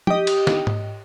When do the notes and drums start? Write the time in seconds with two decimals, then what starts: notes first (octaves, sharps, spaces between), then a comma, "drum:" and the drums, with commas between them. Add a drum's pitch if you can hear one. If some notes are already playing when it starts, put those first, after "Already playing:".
0.07 G4 D#5, drum: tom
0.27 drum: cymbal
0.47 drum: snare
0.67 drum: tom G#2